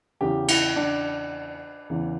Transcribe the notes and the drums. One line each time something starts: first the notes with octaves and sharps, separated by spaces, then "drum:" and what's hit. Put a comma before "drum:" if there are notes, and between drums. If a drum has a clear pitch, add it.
E2 C#3 E3 G4
E4, drum: cymbal
D4
E2 C#3 E3